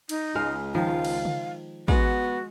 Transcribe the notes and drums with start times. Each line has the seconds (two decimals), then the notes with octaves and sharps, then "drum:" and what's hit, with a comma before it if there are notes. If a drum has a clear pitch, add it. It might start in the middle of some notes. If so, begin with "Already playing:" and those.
0.09 D#4, drum: cymbal
0.35 C#2 G#3 F5
0.75 D#3 F3 F5
1.05 drum: cymbal
1.25 drum: tom C#3
1.88 G#3 B3 F#4, drum: kick